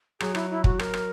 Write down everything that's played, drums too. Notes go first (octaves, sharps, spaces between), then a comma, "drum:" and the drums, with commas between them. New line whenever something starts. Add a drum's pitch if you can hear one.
F#3 G#4, drum: rim click
E4, drum: rim click
E4
F#4, drum: kick
A#4, drum: rim click
drum: rim click